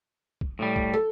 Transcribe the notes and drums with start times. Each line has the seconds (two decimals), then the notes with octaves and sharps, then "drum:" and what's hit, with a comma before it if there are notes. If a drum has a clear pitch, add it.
0.41 drum: kick
0.59 A2 G3
0.76 drum: kick
0.93 A4